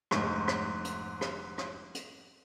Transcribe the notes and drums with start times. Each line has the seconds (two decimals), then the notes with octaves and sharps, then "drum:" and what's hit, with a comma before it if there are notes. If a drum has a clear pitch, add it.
0.11 F1 G#2 C#6, drum: rim click
0.48 drum: rim click
0.84 drum: hi-hat
1.21 drum: rim click
1.58 drum: rim click
1.94 drum: hi-hat